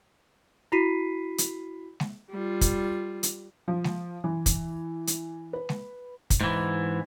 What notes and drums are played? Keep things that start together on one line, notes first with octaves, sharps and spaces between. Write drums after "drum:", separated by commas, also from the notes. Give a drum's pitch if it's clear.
E4 F#4 B5 B6 C7 D#7
drum: hi-hat
drum: snare G#3
G3 F4
drum: kick, hi-hat
drum: hi-hat
F3
drum: snare G#3
E3
drum: kick, hi-hat
drum: hi-hat
B4
drum: snare G#3
drum: kick, hi-hat
G#2 E3